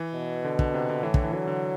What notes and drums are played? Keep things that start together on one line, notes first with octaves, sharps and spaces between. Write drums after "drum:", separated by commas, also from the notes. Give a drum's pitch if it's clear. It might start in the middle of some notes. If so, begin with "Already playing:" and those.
Already playing: E3
B2
D3
D3, drum: kick
C3
D3
A2 E3
D3, drum: kick
E3
D3 F#3
D3